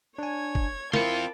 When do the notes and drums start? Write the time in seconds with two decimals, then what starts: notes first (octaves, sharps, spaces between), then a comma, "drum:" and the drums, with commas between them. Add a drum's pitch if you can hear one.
0.18 D4 C#5 G#5 G#6
0.55 drum: kick G1
0.93 C4 E4 F4 A#4 A5 B5 D6 C#7, drum: snare